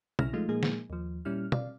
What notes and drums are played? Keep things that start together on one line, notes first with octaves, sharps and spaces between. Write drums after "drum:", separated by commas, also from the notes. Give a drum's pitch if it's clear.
B1 C#3 E4 F6 A#6, drum: tom
F3 G#3 A3 D#4 F4
A#2 F3 G#3 A#3 D#4 G#4
drum: snare
D#2 F3
A#2 G3 C#4 E4 F6
D5 F5, drum: tom